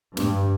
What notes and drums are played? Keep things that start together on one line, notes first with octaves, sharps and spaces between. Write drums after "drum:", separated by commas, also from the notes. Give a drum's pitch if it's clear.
G2, drum: snare